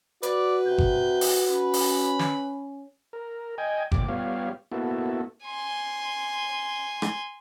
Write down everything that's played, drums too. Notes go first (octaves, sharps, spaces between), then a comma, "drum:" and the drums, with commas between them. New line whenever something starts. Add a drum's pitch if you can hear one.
F#4 B4 D5, drum: hi-hat
C3 G6
drum: kick G1
drum: open hi-hat
C#4 B5
drum: open hi-hat
drum: snare
A#4
D#5 G5 G#5
D2 A#2 G4 D6, drum: kick G1
G3 B3 F4 G4 C#5 F5
A#3 B3 E4 F#4 A4
G#5 C6
drum: rim click